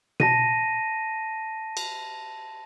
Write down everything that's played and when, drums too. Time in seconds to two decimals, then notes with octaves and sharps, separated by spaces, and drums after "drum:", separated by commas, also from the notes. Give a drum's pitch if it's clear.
0.20 A5 A#6 D#7, drum: tom B2
1.77 drum: cymbal